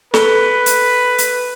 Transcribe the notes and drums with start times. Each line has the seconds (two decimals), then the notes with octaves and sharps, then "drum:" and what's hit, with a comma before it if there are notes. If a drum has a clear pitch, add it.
0.14 A4 B4, drum: snare
0.66 drum: hi-hat
1.18 drum: hi-hat